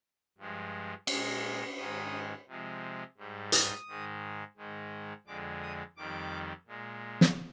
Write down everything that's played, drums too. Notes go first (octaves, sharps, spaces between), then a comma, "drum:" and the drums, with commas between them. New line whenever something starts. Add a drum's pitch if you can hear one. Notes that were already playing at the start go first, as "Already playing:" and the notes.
G2 F3 G#3
A#2 G#3 D6, drum: cymbal
G#2 D#3 G#3 D#6
C3 F3 G#3
G#2 G3
D#6, drum: hi-hat
G#2 D#3 G#3
G#2 D#3 G#3
F2 D3 G#3 D6
D#6
F2 D#3 G3 D6
A#2 G#3
drum: snare